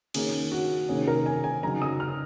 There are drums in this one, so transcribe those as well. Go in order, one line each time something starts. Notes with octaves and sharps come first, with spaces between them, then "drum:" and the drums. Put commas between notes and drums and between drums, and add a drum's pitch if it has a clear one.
D#3 A#3 C#4 G#4, drum: cymbal
F#4
C3 D#3 A#3 C#4 G#4
A#4
G#5
G#5
C#3 F#3 C4 D#4 A#5
D#6
F6